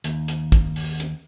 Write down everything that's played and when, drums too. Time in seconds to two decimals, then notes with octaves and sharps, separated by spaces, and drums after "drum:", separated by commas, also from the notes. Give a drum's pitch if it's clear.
0.04 D#2, drum: hi-hat
0.28 drum: hi-hat
0.52 drum: kick, hi-hat
0.76 drum: open hi-hat
1.00 drum: hi-hat